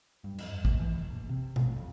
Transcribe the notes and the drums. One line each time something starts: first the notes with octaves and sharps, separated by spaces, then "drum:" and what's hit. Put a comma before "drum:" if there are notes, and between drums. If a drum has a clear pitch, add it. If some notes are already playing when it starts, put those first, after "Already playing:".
G2
F2, drum: cymbal
A2, drum: kick
E3
F#1
A#1
C3
A1, drum: tom B2
F2